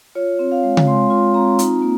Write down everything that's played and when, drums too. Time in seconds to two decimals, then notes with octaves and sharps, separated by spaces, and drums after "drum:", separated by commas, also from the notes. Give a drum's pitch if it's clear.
0.15 F4 C#5
0.39 C4
0.52 F5
0.63 G#3
0.77 drum: tom C#3
0.87 G#3 C6
1.10 F4 C6
1.34 C4 A#5
1.59 D#4, drum: hi-hat
1.82 A#3